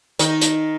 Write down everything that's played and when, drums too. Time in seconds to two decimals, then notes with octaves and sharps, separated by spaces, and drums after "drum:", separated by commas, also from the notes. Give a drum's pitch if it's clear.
0.19 D#3 D#4, drum: hi-hat
0.41 drum: hi-hat